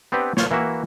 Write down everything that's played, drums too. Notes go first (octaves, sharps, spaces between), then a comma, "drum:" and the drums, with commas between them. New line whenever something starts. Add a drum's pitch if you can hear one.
B3 C4 D4 G4 B4
F4 C5 C#5, drum: snare
E3 A#3 E4 F#4 E5